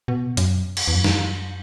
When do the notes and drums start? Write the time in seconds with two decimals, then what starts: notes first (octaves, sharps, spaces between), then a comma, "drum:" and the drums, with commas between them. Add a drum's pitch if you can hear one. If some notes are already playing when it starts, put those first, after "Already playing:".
0.08 B2
0.37 F#2, drum: hi-hat
0.77 drum: cymbal
0.88 E2
0.94 F#2
1.04 drum: snare